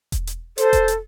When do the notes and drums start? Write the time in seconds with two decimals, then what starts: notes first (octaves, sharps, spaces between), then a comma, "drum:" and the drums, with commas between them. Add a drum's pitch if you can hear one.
0.12 drum: kick E1, hi-hat
0.27 drum: hi-hat
0.58 A4 C5, drum: hi-hat
0.73 drum: kick E1, hi-hat
0.88 drum: hi-hat